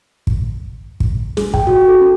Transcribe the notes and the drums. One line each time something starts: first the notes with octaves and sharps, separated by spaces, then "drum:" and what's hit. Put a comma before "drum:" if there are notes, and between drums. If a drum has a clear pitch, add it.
drum: kick
drum: kick
G#4, drum: snare
G5, drum: kick
F#4
A4
C#4